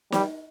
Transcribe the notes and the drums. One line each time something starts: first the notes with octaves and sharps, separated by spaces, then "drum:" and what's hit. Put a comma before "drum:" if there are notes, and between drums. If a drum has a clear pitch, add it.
G3, drum: snare